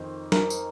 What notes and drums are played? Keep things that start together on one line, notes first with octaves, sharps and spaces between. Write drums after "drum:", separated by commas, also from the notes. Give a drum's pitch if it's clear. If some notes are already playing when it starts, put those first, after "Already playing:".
Already playing: F2 D#3 D#4 C5
A#4, drum: snare
drum: tambourine